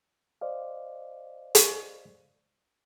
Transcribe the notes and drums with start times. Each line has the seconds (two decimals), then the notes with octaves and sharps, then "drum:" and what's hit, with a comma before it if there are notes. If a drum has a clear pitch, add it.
0.41 C5 D5 D#5 F5
1.55 drum: hi-hat